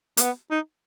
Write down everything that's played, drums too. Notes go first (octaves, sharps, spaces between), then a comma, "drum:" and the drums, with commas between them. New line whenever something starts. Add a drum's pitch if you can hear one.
A#3, drum: hi-hat
B3
D#4